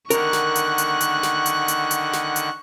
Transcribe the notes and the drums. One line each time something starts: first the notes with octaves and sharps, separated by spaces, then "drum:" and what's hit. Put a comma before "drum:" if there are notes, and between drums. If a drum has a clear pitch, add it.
D3 D#3 A#4 F#5 C#6 F#6, drum: hi-hat
drum: snare
drum: hi-hat
drum: hi-hat
drum: hi-hat
drum: snare
drum: hi-hat
drum: hi-hat
drum: hi-hat
drum: snare
drum: hi-hat